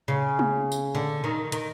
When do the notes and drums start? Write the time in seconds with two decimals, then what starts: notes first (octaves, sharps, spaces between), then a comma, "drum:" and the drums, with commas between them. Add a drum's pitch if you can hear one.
0.08 C#3
0.39 drum: tom G#3
0.72 drum: tambourine
0.95 D3
1.24 D#3
1.52 D#3, drum: hi-hat